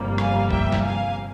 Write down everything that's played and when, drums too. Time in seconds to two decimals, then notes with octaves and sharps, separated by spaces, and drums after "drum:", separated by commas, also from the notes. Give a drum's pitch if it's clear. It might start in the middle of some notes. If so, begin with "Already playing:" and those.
Already playing: G1 F2 C3 G3 A#3
0.18 F5 G#5, drum: rim click
0.51 E5 G5, drum: kick
0.72 drum: snare
0.83 F5 G#5